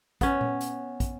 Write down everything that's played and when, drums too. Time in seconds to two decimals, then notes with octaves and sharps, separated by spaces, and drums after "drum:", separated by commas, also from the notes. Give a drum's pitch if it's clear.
0.21 B3 C#4, drum: kick, hi-hat
0.41 drum: tom A#2
0.61 drum: hi-hat
1.00 drum: kick, hi-hat